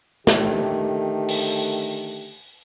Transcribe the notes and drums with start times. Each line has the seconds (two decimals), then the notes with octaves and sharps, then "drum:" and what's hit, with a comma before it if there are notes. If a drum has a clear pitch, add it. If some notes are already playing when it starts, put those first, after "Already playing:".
0.27 D3 D#3 A3 G4, drum: snare
1.28 drum: open hi-hat